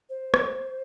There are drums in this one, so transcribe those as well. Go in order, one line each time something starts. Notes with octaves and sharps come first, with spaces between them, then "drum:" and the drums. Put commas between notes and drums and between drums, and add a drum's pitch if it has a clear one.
C5
drum: rim click